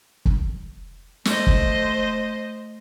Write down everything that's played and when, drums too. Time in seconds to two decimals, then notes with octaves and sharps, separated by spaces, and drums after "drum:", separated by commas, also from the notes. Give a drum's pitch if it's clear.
0.25 drum: kick
1.25 A3 C5 D#5, drum: snare
1.47 drum: kick